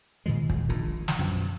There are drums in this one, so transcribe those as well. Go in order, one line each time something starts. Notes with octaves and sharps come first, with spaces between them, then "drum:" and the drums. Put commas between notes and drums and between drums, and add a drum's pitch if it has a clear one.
A#2 D#3 F3 G#3
drum: kick
A#1 A#2 D#3
drum: snare
F#2 B2 F3